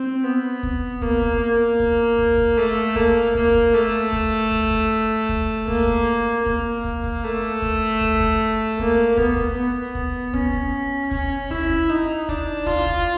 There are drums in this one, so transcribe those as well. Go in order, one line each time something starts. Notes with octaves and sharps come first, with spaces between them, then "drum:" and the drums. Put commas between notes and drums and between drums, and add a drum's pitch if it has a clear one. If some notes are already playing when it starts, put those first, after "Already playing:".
Already playing: C4
B3
drum: kick
A#3, drum: kick
drum: kick
A#3
drum: kick
drum: kick
drum: kick
A3
A#3, drum: kick
A#3, drum: kick
drum: kick
A3
drum: kick
drum: kick
drum: kick
drum: kick
A#3, drum: kick
drum: kick
A#3, drum: kick
drum: kick
drum: kick
A3
drum: kick
drum: kick
drum: kick
A#3, drum: kick
B3, drum: kick
drum: kick
B3
drum: kick
C#4, drum: kick
drum: kick
C#4, drum: kick
E4, drum: kick
drum: kick
D#4
D4, drum: kick
F4, drum: kick
drum: kick